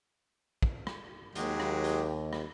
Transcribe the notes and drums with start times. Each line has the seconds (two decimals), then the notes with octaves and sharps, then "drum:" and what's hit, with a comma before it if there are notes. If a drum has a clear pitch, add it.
0.62 drum: kick
0.87 drum: rim click
1.35 D#2 F#3 G#3 G4, drum: hi-hat
1.60 drum: rim click
1.84 drum: hi-hat
2.33 drum: rim click